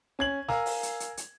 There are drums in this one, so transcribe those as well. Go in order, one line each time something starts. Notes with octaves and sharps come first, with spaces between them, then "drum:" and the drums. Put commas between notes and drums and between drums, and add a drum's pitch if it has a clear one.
C#4 G#6 F#7
A#4 F5 G#5 A#5 E6, drum: snare
drum: open hi-hat
drum: hi-hat
drum: hi-hat
drum: hi-hat